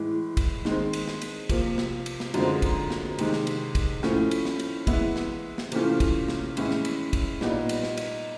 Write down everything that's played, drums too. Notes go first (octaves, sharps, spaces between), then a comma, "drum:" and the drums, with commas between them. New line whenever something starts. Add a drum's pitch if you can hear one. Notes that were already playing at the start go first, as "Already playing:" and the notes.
Already playing: A2 E3 G#3
drum: kick, cymbal
D#3 G#3 C4, drum: snare
drum: cymbal
drum: snare
drum: cymbal
C3 F3 A#3, drum: kick, cymbal
drum: snare
drum: cymbal
drum: snare
F#2 D3 F3 G#3 C4, drum: cymbal
drum: kick, cymbal
drum: snare
C3 D#3 G#3, drum: cymbal
drum: snare
drum: cymbal
drum: kick, cymbal
A2 F3 A3 C#4, drum: snare
drum: cymbal
drum: snare
drum: cymbal
E3 G#3 B3 E4, drum: kick, cymbal
drum: snare
drum: snare
C3 E3 A3 C#4 F4, drum: cymbal
drum: kick, cymbal
drum: snare
A2 E3 G#3 C#4 E4, drum: cymbal
drum: snare
drum: cymbal
drum: kick, cymbal
A#2 G3 B3 D#4, drum: snare
drum: cymbal
drum: snare
drum: cymbal